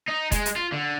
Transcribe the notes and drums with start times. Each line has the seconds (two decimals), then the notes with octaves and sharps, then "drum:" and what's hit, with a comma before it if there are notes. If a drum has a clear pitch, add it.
0.09 D#4
0.32 G#3, drum: kick F1, hi-hat
0.46 drum: hi-hat
0.56 F4
0.72 D3